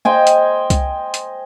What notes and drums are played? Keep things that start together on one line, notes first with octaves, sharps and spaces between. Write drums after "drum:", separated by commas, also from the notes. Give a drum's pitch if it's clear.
C5 D#5 G5 G#5
drum: hi-hat
drum: kick C2, hi-hat
drum: hi-hat